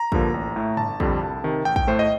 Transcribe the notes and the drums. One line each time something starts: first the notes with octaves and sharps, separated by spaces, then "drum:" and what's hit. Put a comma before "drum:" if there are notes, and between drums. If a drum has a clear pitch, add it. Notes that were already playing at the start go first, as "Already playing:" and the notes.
Already playing: A#5
G2 D3 F3 A#3, drum: kick
A1
A2 A3
G1 A5, drum: tom
F2 D3 G3, drum: kick
C2
C3 D#3
A1 G5
G5, drum: kick
A2 A3 C5
D#5